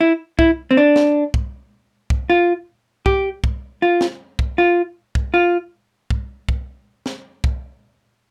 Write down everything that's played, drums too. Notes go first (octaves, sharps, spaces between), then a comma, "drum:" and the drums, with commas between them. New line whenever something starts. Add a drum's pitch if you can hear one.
E4
E4, drum: kick C2
C4
D4
drum: snare
drum: kick C2
drum: kick C2
F4
G4, drum: kick C2
drum: kick C2
F4
drum: snare
drum: kick C2
F4
drum: kick C2
F4
drum: kick C2
drum: kick C2
drum: snare
drum: kick C2